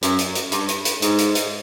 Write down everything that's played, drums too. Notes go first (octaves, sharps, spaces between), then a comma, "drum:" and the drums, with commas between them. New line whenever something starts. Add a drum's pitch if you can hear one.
F#2, drum: hi-hat
drum: hi-hat
drum: hi-hat
G2, drum: hi-hat
drum: hi-hat
drum: hi-hat
G#2, drum: hi-hat
drum: hi-hat
drum: hi-hat